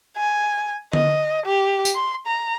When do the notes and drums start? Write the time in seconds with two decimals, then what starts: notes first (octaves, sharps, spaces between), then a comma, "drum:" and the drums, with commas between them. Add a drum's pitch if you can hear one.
0.17 G#5
0.93 D#5, drum: tom D3
1.46 G4
1.85 drum: tambourine
1.95 C6
2.27 A#5